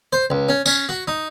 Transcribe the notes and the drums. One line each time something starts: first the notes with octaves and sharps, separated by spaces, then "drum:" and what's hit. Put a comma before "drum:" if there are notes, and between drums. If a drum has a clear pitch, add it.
C5
C#2
C#4
C#4, drum: tambourine
F#4
D#4